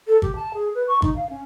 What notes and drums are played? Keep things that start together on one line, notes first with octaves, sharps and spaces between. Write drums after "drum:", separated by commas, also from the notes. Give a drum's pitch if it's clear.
A4
G4, drum: kick
A5
G#4
B4
C#6
D#4, drum: kick
F5
C#4